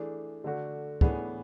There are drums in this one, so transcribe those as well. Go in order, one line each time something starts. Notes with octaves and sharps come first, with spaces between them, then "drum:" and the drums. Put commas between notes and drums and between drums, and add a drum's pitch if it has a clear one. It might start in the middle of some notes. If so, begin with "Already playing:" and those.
Already playing: E3 A3 D4 G#4
D3 A3 D4 F#4
A2 E3 B3 D4 G#4, drum: kick